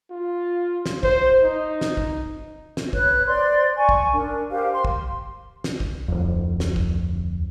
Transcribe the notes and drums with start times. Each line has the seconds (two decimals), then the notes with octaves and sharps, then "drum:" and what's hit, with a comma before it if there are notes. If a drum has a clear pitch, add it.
0.11 F4
0.86 drum: snare
1.03 C5, drum: kick
1.43 D#4
1.81 drum: snare
1.97 drum: kick
2.77 drum: snare
2.93 B4 C#5 F#6, drum: kick
3.27 C5 D5 C6
3.77 G#5 C#6
3.89 drum: kick
4.13 D4 A#4
4.51 G4 A#4 C5 F5
4.72 C6
4.85 drum: kick
5.64 drum: snare
5.80 drum: kick
6.08 D1 F2
6.60 drum: snare
6.76 drum: kick